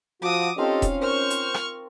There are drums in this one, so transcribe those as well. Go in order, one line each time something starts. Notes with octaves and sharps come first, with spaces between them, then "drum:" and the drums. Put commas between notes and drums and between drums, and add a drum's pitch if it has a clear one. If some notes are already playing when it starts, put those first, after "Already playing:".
F3 F#4 D6 D#6
C4 C#4 D#4 F4 G4 A4 D#5 F5
drum: kick E1, hi-hat
A#4 C5 C#6 F6
drum: hi-hat
drum: rim click